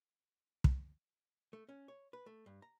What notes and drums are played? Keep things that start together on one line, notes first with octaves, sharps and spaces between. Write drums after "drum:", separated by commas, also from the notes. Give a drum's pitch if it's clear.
drum: kick
A3
C#4
C#5
B4
A3
G2
A#5